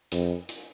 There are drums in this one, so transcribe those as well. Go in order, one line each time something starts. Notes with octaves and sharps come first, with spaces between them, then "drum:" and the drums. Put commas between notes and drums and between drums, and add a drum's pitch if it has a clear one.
F2, drum: hi-hat
drum: hi-hat